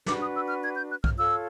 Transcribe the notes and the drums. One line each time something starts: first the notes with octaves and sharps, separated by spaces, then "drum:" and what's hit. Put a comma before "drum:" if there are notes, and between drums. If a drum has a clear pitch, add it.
D4 F#4 B4 D6, drum: snare
D#6
E6
F6
G#6
G6
F#6
F6, drum: kick
F4 A4 C#5 E6